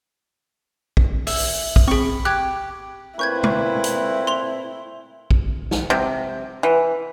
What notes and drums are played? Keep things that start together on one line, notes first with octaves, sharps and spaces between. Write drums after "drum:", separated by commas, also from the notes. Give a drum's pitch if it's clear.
drum: kick
E5, drum: open hi-hat
drum: kick
C4 G#4 B5 C#6
G4 F#6 G#6
A#2 A3 C4 E4 B4 C#6 G6 G#6
drum: tom
drum: hi-hat
C6 F7 G7
drum: kick
drum: snare
C3
E3